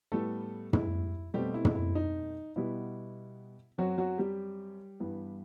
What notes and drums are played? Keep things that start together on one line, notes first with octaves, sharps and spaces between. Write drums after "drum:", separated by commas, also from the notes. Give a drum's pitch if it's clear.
A2 G3 A3 B3 A4
E4, drum: tom
B2 G3 A3 C4 G4
E4
drum: tom
E4
D#4
B2 G3 B3 E4
F#2 F#3 C4 F#4
F#3 F#4
G3 G4
G2 E3 B3